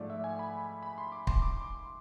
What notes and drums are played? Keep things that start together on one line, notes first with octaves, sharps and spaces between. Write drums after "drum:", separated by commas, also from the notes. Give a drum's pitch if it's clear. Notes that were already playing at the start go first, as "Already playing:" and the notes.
Already playing: G#2 F3 A3 D5
E5
G#5
B5
B5
C6
D6
C6, drum: kick
D6
C6